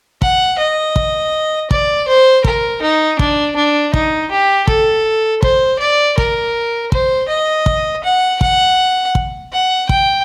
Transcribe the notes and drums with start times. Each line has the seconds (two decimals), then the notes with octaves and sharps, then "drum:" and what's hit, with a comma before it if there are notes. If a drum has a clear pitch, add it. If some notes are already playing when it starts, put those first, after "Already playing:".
0.22 F#5, drum: kick
0.58 D#5
0.96 drum: kick
1.71 D5, drum: kick
2.08 C5
2.44 A#4, drum: kick
2.82 D#4
3.19 D4, drum: kick
3.56 D4
3.94 D#4, drum: kick
4.31 G4
4.67 A4, drum: kick
5.42 C5, drum: kick
5.79 D5
6.18 A#4, drum: kick
6.92 C5, drum: kick
7.28 D#5
7.66 drum: kick
8.03 F#5
8.41 F#5, drum: kick
9.15 drum: kick
9.53 F#5
9.89 G5, drum: kick